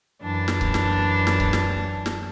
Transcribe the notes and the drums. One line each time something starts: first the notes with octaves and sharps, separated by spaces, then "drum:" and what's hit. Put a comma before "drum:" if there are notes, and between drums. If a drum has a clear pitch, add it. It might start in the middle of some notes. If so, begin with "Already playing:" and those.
F#2 E3 D4 A5
drum: snare
drum: kick C#1
drum: snare
drum: snare
drum: kick C#1
drum: snare
drum: snare